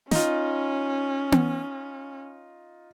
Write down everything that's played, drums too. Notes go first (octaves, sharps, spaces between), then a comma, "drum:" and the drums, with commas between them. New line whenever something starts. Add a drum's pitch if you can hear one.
C#4 D#4 F4, drum: snare
drum: tom B3